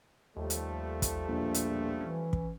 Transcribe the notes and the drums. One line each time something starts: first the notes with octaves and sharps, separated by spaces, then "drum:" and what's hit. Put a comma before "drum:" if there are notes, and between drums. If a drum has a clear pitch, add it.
D#2 F3 G3 A3
drum: hi-hat
drum: kick, hi-hat
A#1 E2 B2
drum: hi-hat
E3 C#4
drum: kick